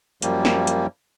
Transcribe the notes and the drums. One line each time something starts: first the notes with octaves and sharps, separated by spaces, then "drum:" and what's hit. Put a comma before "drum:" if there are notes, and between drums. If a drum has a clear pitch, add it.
F#2 F3 G3 A#3, drum: hi-hat
drum: snare
drum: hi-hat